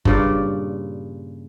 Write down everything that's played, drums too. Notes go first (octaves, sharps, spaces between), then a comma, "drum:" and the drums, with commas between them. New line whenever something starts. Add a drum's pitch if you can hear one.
G2 A#2 C#3 D5, drum: kick F#1